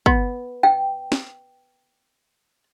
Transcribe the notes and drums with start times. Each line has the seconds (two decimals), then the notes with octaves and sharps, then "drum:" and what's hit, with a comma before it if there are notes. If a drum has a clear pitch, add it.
0.06 B3, drum: kick
0.63 G5
1.12 drum: snare